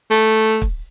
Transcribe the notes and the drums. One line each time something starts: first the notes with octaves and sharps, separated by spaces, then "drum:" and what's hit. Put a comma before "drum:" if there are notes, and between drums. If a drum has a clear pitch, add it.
A3, drum: hi-hat
drum: kick